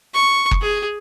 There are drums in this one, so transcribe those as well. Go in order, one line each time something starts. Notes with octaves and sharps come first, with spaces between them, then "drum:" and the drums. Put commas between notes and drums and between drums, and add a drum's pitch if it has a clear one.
C#6
drum: kick F#1
G#4